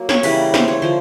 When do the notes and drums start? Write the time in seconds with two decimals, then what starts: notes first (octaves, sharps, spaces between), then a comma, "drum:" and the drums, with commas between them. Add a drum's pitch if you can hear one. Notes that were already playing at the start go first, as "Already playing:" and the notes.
Already playing: F#3 A#3
0.09 C#5, drum: snare
0.23 C#3 E3 G3 A#3 B4, drum: cymbal
0.54 C5, drum: snare
0.68 C#5
0.82 D3 F3 A#3 C5